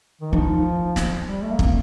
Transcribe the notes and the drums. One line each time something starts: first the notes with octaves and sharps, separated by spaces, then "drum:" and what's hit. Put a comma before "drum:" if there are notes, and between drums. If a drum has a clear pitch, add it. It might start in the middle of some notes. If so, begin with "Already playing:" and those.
D#3
F3 D#4
drum: snare
G3
A3
A#3
C4, drum: kick